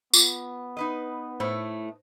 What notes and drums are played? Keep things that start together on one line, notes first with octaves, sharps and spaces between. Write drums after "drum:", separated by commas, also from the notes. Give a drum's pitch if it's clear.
B3 F4 D6, drum: tambourine
D#4 B4 D#5
A2 A3 C5 B5